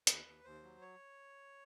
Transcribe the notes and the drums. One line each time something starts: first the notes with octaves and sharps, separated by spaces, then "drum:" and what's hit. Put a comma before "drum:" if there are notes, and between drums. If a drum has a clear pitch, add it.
D#2 B4, drum: hi-hat
D#2
D#2 C5
F#3
C#5